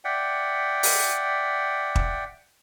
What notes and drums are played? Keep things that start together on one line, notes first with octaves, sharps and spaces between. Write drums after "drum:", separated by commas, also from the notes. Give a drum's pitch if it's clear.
D5 E5 F#5 G5
drum: open hi-hat
drum: kick